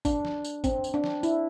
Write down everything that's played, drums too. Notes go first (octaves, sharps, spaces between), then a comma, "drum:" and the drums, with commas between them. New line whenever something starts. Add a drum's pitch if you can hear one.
D4, drum: kick, tambourine
drum: snare
drum: tambourine
C4, drum: kick, tambourine
drum: tambourine
D4
drum: snare
E4, drum: tambourine